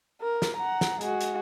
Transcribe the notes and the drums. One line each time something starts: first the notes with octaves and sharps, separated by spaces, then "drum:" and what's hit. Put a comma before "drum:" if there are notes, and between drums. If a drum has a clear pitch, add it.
A#4
drum: snare
F#5 A#5
drum: snare
G#3 F#4, drum: hi-hat
drum: hi-hat